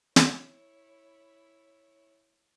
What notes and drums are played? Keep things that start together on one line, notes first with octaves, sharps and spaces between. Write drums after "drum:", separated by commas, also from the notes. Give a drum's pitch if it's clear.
E4 C#5, drum: snare